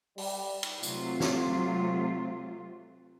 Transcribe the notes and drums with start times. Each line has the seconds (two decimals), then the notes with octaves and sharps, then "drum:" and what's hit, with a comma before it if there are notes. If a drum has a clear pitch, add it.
0.18 G3, drum: open hi-hat
0.63 drum: cymbal
0.83 C3 F#3 A3 F4, drum: tambourine
1.20 drum: snare